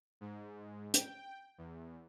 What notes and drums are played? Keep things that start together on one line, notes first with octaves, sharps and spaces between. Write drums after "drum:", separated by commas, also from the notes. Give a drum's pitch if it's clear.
G#2
G5, drum: hi-hat
E2